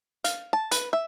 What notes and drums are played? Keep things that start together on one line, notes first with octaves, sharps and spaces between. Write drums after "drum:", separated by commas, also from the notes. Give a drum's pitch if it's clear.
F5, drum: hi-hat
A5
B4, drum: hi-hat
E5